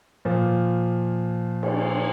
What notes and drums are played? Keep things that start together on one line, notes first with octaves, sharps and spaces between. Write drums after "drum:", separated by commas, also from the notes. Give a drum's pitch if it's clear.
A#2 F3
drum: cymbal